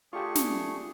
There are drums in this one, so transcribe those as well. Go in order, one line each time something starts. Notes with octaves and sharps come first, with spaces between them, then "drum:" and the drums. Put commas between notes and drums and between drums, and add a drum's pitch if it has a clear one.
A3 D4 F4 G4 G#4 C#6
drum: snare